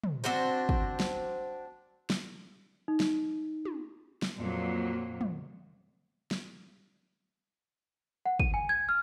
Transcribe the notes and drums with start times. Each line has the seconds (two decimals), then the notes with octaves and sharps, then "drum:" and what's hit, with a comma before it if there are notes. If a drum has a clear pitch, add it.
0.04 drum: tom
0.24 C4 D4 F#4 C5
0.69 drum: kick
1.00 drum: snare
2.10 drum: snare
2.88 D#4
3.00 drum: snare
3.65 drum: tom
4.22 drum: snare
4.37 F2 A#2 F#3 A#3
5.21 drum: tom
6.31 drum: snare
8.26 F#5
8.40 D#7, drum: kick
8.54 G#5
8.69 G#6
8.89 F6